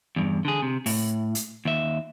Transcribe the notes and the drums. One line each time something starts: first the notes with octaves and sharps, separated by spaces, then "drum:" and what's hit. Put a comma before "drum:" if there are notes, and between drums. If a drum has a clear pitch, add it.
E2 G2
D3 G#4
C3
A2, drum: open hi-hat
drum: hi-hat
D#2 E5